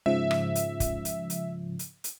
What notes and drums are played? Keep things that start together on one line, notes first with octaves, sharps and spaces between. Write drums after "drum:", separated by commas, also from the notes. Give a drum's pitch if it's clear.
G#2 C#3 F3 E5
drum: rim click
drum: hi-hat
drum: kick, hi-hat
drum: hi-hat
drum: hi-hat
drum: hi-hat
drum: hi-hat